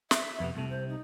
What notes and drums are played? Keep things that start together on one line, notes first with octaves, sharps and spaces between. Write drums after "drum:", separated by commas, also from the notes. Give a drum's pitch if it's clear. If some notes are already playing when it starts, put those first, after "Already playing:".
E5, drum: snare
F2 C3 B3
C2 C3 A3
C5
D#4